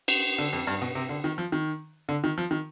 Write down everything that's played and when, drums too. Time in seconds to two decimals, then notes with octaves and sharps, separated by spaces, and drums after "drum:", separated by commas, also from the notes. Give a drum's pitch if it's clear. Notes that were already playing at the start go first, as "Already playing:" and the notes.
0.08 drum: cymbal
0.38 D3
0.53 F2
0.67 G2
0.82 B2
0.95 C3
1.09 D3
1.24 D#3
1.38 F3
1.52 D#3
2.09 D3
2.24 D#3
2.38 F3
2.51 D#3